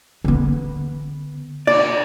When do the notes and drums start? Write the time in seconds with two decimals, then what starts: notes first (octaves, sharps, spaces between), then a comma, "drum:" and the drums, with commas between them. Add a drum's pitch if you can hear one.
0.24 D3 B3
1.67 D5, drum: cymbal